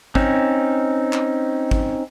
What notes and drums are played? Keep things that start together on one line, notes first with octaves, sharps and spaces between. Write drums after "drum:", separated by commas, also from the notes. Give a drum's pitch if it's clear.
C4 C#4 D#4, drum: kick
drum: clap
drum: kick